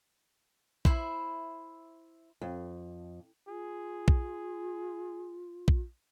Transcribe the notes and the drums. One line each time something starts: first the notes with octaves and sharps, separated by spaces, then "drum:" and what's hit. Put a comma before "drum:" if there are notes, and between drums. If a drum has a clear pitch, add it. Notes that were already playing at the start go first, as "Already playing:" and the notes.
E4 C5 E5 B5, drum: kick
F2
F4 G#4
drum: kick
drum: kick